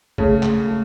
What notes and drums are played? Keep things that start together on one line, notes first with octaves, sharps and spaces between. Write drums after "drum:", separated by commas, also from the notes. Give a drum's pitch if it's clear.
C#3 A3, drum: kick
A3, drum: clap
A3